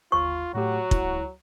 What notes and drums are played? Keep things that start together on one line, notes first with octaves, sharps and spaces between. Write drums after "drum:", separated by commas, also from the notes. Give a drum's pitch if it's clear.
G1 D#2 F4 B5 C#6
A2 F#3 A3 F#4 G4
C#2 E4 A#5, drum: kick